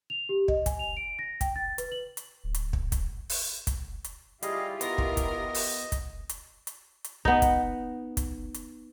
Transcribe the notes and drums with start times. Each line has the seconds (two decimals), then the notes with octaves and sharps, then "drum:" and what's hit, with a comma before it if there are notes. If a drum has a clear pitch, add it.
0.10 F7
0.29 G4
0.48 D#5, drum: kick
0.66 G#5, drum: kick, hi-hat
0.79 F7
0.97 D7
1.19 A#6
1.41 G5, drum: kick, hi-hat
1.56 A6
1.78 B4, drum: hi-hat
1.92 F#7
2.17 drum: hi-hat
2.44 D1
2.54 drum: hi-hat
2.73 drum: kick
2.92 drum: kick, hi-hat
3.29 drum: open hi-hat
3.67 drum: kick, hi-hat
4.04 drum: hi-hat
4.43 G3 E4 F4 G4 G#4 D#5 F5, drum: hi-hat
4.81 B3 A#4 D#5 A#6, drum: hi-hat
4.98 drum: kick
5.17 drum: kick, hi-hat
5.54 drum: open hi-hat
5.92 drum: kick, hi-hat
6.29 drum: hi-hat
6.67 drum: hi-hat
7.04 drum: hi-hat
7.25 B3 D#4, drum: kick
7.42 drum: kick, hi-hat
8.17 drum: kick, hi-hat
8.54 drum: hi-hat